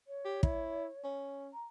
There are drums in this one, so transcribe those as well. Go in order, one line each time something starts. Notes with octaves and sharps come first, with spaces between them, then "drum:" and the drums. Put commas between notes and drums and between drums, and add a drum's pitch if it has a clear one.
C#5
G4
E4, drum: kick
C#4
A#5